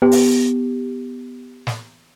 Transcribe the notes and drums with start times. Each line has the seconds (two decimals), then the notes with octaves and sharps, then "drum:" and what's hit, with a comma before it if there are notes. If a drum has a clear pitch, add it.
0.02 B3 G4
0.12 drum: open hi-hat
1.67 drum: snare